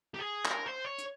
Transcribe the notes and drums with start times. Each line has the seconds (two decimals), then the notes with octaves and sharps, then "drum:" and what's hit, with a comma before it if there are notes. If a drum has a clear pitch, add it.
0.14 G4
0.19 G#4
0.45 A#4, drum: clap
0.66 C5
0.85 C#5
0.98 drum: hi-hat